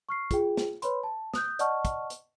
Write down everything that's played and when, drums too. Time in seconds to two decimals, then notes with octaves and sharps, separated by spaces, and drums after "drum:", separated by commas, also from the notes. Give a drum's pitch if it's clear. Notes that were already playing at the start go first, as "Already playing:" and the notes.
0.09 C#6 F6 C7
0.31 F4 G#4 G5, drum: kick, hi-hat
0.57 drum: snare
0.82 B4 C#5 B5 C6, drum: hi-hat
1.03 A5
1.34 D#6 F#6 G6, drum: snare
1.59 D5 D#5 F#5 A5 C#6 F6, drum: hi-hat
1.85 drum: kick, hi-hat
2.10 drum: hi-hat